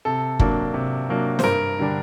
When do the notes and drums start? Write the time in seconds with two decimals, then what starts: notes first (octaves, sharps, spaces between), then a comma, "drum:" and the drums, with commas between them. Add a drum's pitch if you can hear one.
0.05 C3 A4
0.39 F#3 A#3 D4, drum: kick
0.74 C3
1.09 F#3 A#3 D4
1.39 C5, drum: snare
1.44 G2 A#4
1.79 D3 G3 D4